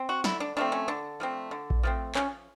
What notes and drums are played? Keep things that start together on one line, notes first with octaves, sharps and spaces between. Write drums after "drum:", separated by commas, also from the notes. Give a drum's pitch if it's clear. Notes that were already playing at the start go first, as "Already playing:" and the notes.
Already playing: C4
F#4
D3 E4, drum: snare
D4
F3 A3 C4 D4
C#4
D3 D4
F3 A3 C4
D3
drum: kick A#1
F3 A3 C4
F3 C#4, drum: clap